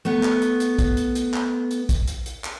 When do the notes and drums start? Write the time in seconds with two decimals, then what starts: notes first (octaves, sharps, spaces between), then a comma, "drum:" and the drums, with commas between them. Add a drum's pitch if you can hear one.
0.05 A3 B3 B4
0.23 drum: clap
0.42 drum: hi-hat
0.60 drum: hi-hat
0.79 drum: kick, hi-hat
0.97 drum: hi-hat
1.15 drum: hi-hat
1.34 drum: clap
1.71 drum: hi-hat
1.89 drum: kick, hi-hat
2.08 drum: hi-hat
2.26 drum: hi-hat
2.44 drum: clap